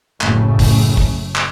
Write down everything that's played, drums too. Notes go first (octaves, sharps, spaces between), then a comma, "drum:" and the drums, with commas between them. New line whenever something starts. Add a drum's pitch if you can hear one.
F#1 A2 C#3 A3, drum: clap
drum: kick, open hi-hat
drum: kick
drum: clap